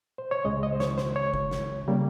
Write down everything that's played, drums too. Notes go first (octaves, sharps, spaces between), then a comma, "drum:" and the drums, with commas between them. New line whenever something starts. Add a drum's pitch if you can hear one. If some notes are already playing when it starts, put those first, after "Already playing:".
C5
C#5
C#2 C#3 G#3 D#5
D#5
C5
C#5, drum: snare
C5, drum: snare
C#5
drum: kick F#1
drum: snare
C#3 G3 A#3